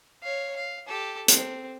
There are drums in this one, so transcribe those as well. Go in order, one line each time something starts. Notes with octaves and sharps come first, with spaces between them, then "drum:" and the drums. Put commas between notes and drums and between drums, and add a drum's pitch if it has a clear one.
C#5 F5
F5
G4 A4
C4, drum: hi-hat